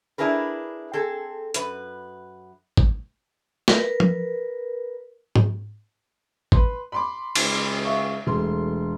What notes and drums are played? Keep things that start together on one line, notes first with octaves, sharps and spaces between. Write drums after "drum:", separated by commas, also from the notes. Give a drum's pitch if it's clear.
D4 E4 G#4 A#4 B4
C4 G#4 A4
F#2 B4, drum: hi-hat
drum: kick G#1
A#4 B4, drum: snare
drum: tom F3
drum: tom G#2
B4 C6, drum: kick G#1
B5 C6 D6
C#2, drum: cymbal
E5 F5 C#6
E1 A3 C6